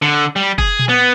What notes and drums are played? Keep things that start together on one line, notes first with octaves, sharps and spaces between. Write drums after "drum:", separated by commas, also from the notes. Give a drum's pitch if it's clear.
D3
G3
G#4, drum: kick F#1
drum: tom A#2
B3